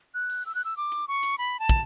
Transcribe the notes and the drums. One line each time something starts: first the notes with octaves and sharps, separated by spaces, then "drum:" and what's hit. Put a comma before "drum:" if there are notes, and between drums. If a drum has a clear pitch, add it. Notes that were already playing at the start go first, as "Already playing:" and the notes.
F#6
drum: open hi-hat
E6
F#6
E6
D6
drum: hi-hat
C#6
drum: hi-hat
B5
A5
drum: kick